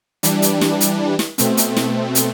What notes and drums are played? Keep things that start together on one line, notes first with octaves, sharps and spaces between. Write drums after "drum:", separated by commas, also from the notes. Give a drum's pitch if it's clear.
E3 G3 D4, drum: hi-hat
drum: hi-hat
drum: snare
drum: hi-hat
drum: snare
B2 A3 C4, drum: hi-hat
drum: hi-hat
drum: snare
drum: hi-hat